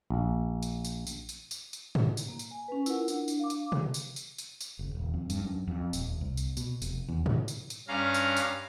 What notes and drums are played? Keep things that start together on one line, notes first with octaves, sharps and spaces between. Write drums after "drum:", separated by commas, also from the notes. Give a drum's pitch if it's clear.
A#1
drum: tambourine
drum: tambourine
drum: tambourine
drum: tambourine
drum: tambourine
drum: tambourine
drum: tom G#2
drum: tambourine
A#3
drum: tambourine
G#5
C#4 B4
E4 F4 A#4 F#5, drum: tambourine
D4, drum: tambourine
drum: tambourine
F5 D6
drum: tambourine
drum: tom
drum: tambourine
drum: tambourine
drum: tambourine
drum: tambourine
F#1
D#1
F2
G2, drum: tambourine
F#2
F2
D#1, drum: tambourine
C2
drum: tambourine
B2, drum: tambourine
F1, drum: tambourine
E2
drum: tom G#2
drum: tambourine
drum: tambourine
G2 C#4 F5 A#5
drum: tambourine
drum: tambourine